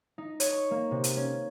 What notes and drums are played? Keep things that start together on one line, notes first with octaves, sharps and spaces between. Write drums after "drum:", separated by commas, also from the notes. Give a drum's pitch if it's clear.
D#4
C#5, drum: hi-hat
C#6
A#3
C3
drum: hi-hat
C#4